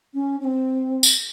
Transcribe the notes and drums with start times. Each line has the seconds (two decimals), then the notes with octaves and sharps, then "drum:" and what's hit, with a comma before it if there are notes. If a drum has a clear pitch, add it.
0.13 C#4
0.40 C#4
0.44 C4
1.03 drum: tambourine